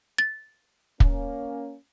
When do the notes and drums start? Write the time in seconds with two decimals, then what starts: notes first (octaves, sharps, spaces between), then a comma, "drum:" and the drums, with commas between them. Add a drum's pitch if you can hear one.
0.18 A6
1.00 A#3 C#4, drum: kick